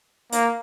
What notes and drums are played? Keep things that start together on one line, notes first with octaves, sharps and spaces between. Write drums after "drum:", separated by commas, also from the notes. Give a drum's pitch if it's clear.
A#3, drum: hi-hat